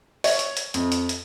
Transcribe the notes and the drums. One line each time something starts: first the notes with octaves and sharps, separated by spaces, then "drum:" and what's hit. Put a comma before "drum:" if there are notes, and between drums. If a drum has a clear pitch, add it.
C#5, drum: open hi-hat
drum: hi-hat
drum: hi-hat
F2, drum: hi-hat
drum: hi-hat
drum: hi-hat